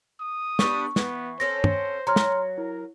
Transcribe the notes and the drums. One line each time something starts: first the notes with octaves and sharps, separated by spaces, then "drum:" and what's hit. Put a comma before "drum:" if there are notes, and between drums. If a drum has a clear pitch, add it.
D#6
G3 B3 D4 C#6, drum: snare
E3 B3, drum: snare
C4 C#4 A4 C5 A#6
drum: tom
F#3 A#5 C6 F6
drum: snare
E4 A#4